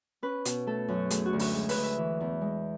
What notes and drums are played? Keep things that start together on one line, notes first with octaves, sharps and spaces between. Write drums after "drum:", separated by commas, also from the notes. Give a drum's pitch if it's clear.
C#4 B4
B2, drum: hi-hat
A3 A4
F#2 F#4
A3 G#4, drum: hi-hat
F#4
D2
F#4, drum: open hi-hat
G#3 G#4
B4, drum: open hi-hat
D2
E5
E3
E2
G#3